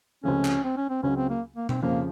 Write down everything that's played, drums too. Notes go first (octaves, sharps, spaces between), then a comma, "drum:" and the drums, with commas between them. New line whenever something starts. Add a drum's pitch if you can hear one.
C#2 C3 F3 A3 C#4
drum: clap
C4
C#4
C4
C#2 C#3 F#3 C#4
C4
A#3
A#3
C4, drum: tom B2
F2 C#3 F3 A#3